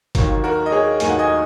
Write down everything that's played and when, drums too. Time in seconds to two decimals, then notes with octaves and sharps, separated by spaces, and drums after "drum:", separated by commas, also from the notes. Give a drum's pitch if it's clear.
0.15 D#2 D#3 F#3 A#3, drum: kick, hi-hat
0.44 F#4 A#4
0.66 D#5
0.72 G#4 C#5
1.00 D#2 D#3 F#3 A#3 G#5, drum: hi-hat
1.09 F#5
1.19 D#5 G#5